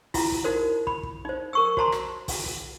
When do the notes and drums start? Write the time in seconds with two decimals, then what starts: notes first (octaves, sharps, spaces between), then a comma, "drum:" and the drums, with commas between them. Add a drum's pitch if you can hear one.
0.14 E4 F4 A#5, drum: kick, open hi-hat
0.32 drum: kick
0.44 D#4 F#4 A#4 C5
0.87 B5, drum: kick
1.03 drum: kick
1.25 D#4 C5
1.53 A#4 C#6 E6
1.77 F#4 C5 A5 A#5 C6, drum: kick
1.92 drum: rim click
2.28 drum: kick, open hi-hat
2.46 drum: kick